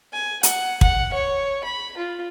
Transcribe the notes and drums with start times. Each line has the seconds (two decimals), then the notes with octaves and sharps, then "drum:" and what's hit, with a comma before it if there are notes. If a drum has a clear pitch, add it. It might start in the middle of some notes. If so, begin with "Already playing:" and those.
0.12 G#5
0.43 F#5, drum: hi-hat
0.81 F#5, drum: kick
1.13 C#5
1.64 B5
1.97 F4